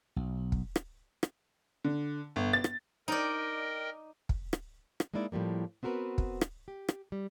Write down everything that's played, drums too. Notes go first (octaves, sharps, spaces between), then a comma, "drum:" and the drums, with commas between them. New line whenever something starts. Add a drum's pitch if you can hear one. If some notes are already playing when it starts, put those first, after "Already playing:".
B1
drum: kick
drum: rim click
drum: rim click
D3
G1
A6
drum: rim click
D#4 A#4 D5 D#5 G5
drum: kick
drum: rim click
drum: rim click
G#3 A#3 D#4 E4 D5
A2 F3 G3 A#3
B3 C4 F#4 A#4 B4
drum: kick
drum: rim click
G4
drum: rim click
G3